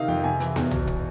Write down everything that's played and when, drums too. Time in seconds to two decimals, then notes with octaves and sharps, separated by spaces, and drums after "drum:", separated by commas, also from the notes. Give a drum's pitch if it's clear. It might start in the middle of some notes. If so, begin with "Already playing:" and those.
Already playing: C3 D#3 D#5 F5
0.08 F2 G5
0.24 C3 G#5
0.40 E3, drum: hi-hat
0.56 E2, drum: snare B3
0.71 B2, drum: tom
0.87 drum: kick